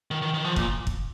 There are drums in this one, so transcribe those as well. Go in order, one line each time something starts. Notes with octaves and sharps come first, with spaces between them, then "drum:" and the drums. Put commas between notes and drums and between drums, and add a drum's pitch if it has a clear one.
D#3
D#3
D#3
F3
A#2, drum: kick
drum: kick